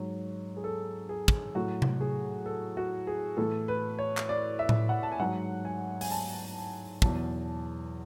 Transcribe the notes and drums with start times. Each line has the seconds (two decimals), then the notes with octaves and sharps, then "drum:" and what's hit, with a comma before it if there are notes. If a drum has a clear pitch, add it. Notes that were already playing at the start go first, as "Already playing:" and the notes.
Already playing: G#2 F#3 C#5
0.57 G#4
0.64 A4
1.09 G#4
1.28 drum: kick
1.55 A2 F#3 F#4
1.82 drum: tom C3
2.01 G#4
2.46 A4
2.77 F#4
3.07 G#4
3.37 A2 E3 A4
3.68 B4
3.99 C#5
4.17 drum: clap
4.29 D5
4.59 E5
4.69 drum: tom A2
4.89 F#5
5.03 A5
5.12 G#5
5.19 G#2 F#3 F#5
5.65 G#5
6.01 G#5, drum: open hi-hat
6.11 A5
7.02 E2 B2 F#3 A5, drum: kick